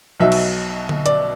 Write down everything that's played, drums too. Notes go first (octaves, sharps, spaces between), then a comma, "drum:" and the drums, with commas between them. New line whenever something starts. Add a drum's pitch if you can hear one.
B1 B2 F#3 E5
drum: cymbal
drum: tom D3
D5, drum: hi-hat